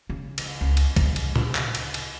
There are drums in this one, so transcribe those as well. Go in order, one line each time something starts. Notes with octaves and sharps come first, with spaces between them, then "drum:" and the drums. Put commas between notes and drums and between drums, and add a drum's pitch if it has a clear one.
C#3
drum: cymbal
C#2
drum: cymbal
D2 C#3, drum: kick, cymbal
drum: cymbal
drum: tom A#2
drum: clap
drum: cymbal
drum: cymbal